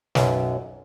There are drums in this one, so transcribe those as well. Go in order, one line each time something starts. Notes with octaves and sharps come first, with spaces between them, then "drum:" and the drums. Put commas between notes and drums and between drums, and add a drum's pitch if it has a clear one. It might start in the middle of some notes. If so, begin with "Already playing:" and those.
B1 F#2, drum: snare